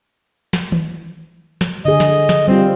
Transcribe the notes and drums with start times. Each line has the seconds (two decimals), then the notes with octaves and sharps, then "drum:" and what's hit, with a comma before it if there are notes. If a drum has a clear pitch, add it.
0.53 drum: snare
0.72 drum: tom D#3
1.61 drum: snare
1.85 D3 G#4 D#5
2.00 drum: snare
2.29 drum: snare
2.48 G3 C4 F4